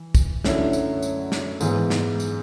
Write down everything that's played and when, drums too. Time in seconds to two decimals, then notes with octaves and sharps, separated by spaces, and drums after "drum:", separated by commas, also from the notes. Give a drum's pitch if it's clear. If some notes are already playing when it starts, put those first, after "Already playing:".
Already playing: E3
0.15 drum: kick, tambourine
0.44 F#2 D3 F#3 A3 E4, drum: snare
0.73 drum: tambourine
1.02 drum: tambourine
1.32 drum: snare
1.61 G#2 E3 B3, drum: tambourine
1.90 drum: snare
2.20 drum: tambourine